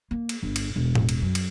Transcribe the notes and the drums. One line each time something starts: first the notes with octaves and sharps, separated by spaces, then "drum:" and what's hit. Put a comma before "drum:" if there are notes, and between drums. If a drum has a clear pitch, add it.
A#3
drum: cymbal
G1
drum: cymbal
E1
drum: tom A2
drum: cymbal
F#2
drum: cymbal